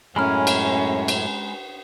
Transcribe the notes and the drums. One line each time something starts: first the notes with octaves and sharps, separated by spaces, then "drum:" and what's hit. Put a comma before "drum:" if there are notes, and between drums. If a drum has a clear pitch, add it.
F#2 A2 G#3 C#4 G#5 A#5 B5 F6
drum: cymbal
drum: cymbal